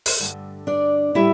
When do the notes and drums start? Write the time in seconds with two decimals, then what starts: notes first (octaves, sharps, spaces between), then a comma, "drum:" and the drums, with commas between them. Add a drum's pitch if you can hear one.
0.06 drum: open hi-hat
0.20 G2 D3 A3
0.67 D4 D5
1.14 A2 G3 E4 E5